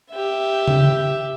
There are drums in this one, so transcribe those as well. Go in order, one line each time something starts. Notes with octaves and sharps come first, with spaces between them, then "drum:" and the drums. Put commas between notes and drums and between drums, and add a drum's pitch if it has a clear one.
G4 E5
drum: tom C#3